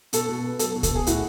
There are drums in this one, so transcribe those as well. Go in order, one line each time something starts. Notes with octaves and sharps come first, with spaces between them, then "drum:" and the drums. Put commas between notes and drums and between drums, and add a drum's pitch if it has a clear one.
B2 A4, drum: hi-hat
B2
B3
F#3 A4, drum: hi-hat
B2
A4, drum: kick C#2, hi-hat
B2 G#4
A2 F#4, drum: hi-hat